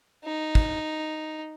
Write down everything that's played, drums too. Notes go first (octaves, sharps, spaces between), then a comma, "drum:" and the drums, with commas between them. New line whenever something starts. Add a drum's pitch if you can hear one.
D#4
drum: kick